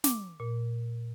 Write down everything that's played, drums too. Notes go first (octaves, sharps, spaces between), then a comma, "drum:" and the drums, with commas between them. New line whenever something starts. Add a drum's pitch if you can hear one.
D6, drum: snare
A#2